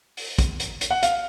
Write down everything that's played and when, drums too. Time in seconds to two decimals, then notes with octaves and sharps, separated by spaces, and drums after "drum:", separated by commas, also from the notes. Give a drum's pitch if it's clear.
0.17 drum: open hi-hat
0.38 drum: kick, hi-hat
0.60 drum: hi-hat
0.81 drum: hi-hat
0.91 F#5
1.03 F5, drum: hi-hat